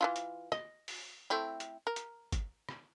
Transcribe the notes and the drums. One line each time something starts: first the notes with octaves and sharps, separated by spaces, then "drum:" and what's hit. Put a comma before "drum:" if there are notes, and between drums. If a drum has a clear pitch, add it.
E3 E4 F4
drum: hi-hat
D#5, drum: rim click
drum: open hi-hat
A3 C4 E4
drum: hi-hat
A#4
drum: hi-hat
drum: kick, hi-hat
drum: rim click